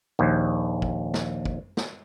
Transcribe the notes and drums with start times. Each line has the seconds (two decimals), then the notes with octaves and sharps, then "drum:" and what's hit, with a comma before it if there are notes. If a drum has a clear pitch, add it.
0.19 A#1 D#2
0.82 drum: kick
1.14 drum: snare
1.45 drum: kick
1.77 drum: snare